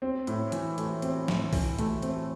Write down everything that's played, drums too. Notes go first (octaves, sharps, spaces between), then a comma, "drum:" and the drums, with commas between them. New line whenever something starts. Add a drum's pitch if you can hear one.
C4
A2, drum: hi-hat
E3, drum: hi-hat
A3, drum: hi-hat
C4, drum: hi-hat
A2, drum: snare
E3, drum: kick B1, open hi-hat
A3, drum: hi-hat
C4, drum: hi-hat